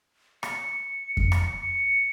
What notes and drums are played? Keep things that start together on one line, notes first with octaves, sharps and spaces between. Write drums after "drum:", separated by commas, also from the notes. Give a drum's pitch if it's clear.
C#7, drum: rim click
drum: kick F2
drum: rim click
C#7